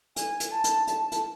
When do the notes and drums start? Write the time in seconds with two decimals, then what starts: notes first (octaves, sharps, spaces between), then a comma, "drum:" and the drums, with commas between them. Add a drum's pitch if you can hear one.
0.16 G#5, drum: hi-hat
0.40 drum: hi-hat
0.51 A5
0.64 drum: hi-hat
0.87 A5, drum: hi-hat
1.12 drum: hi-hat